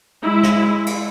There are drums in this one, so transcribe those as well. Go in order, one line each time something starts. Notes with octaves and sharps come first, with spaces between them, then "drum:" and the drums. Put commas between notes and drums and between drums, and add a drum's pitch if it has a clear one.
G#3 E4
drum: rim click
drum: cymbal